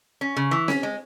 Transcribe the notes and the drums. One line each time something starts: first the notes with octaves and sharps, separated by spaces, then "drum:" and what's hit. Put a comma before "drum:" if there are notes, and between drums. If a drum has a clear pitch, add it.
C#4
C#3
E3
C#4, drum: snare C4
G#3